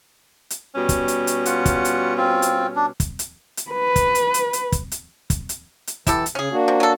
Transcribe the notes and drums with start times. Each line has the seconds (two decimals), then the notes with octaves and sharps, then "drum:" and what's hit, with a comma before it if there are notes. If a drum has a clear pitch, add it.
0.50 drum: hi-hat
0.75 B2 G3 C#4
0.89 drum: kick, hi-hat
1.08 drum: hi-hat
1.27 drum: hi-hat
1.46 F4 F#5, drum: hi-hat
1.66 drum: kick, hi-hat
1.85 drum: hi-hat
2.17 C4 F4
2.42 drum: hi-hat
2.76 D4
3.00 drum: kick, hi-hat
3.19 drum: hi-hat
3.57 drum: hi-hat
3.71 B4
3.96 drum: kick, hi-hat
4.15 drum: hi-hat
4.34 drum: hi-hat
4.53 drum: hi-hat
4.72 drum: kick, hi-hat
4.92 drum: hi-hat
5.30 drum: kick, hi-hat
5.49 drum: hi-hat
5.87 drum: hi-hat
6.07 E3 E4 G4 A4, drum: kick, hi-hat
6.26 drum: hi-hat
6.35 C#3 C#4 G#4
6.51 A#3 D4 F#4
6.68 C3
6.80 F#3 A4